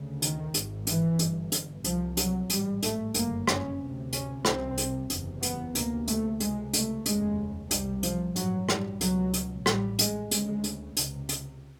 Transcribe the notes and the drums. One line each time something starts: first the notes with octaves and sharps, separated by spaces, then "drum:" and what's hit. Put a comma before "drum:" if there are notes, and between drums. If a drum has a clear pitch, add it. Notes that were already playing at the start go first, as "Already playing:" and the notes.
Already playing: D2 C#3
D#3, drum: hi-hat
G#1 G#2, drum: hi-hat
E3, drum: hi-hat
G1 G2, drum: hi-hat
drum: hi-hat
C2 C3 F3, drum: hi-hat
F#3, drum: hi-hat
A1 G#2 G3, drum: hi-hat
A3, drum: hi-hat
G1 F#2 C#3 A#3, drum: hi-hat
C#4, drum: rim click
D2 C3
C#4, drum: hi-hat
C2 C3 C4, drum: rim click
drum: hi-hat
F#1 E2 C3, drum: hi-hat
B3, drum: hi-hat
D2 C3 A#3, drum: hi-hat
A3, drum: hi-hat
C#2 C3 G#3, drum: hi-hat
A3, drum: hi-hat
F1 D#2 C#3 G#3, drum: hi-hat
C2 C3 G3, drum: hi-hat
F3, drum: hi-hat
A1 G2 F#3, drum: hi-hat
G3, drum: rim click
C#2 B2 F#3, drum: hi-hat
drum: hi-hat
A1 A2 G3, drum: rim click
G#3, drum: hi-hat
D2 C#3 G#3, drum: hi-hat
drum: hi-hat
C#2 C3, drum: hi-hat
drum: hi-hat